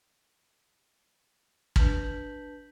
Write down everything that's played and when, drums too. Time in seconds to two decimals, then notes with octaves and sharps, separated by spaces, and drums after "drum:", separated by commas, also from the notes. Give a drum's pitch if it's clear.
1.76 D4 B4 A5 G6 B6 F#7, drum: kick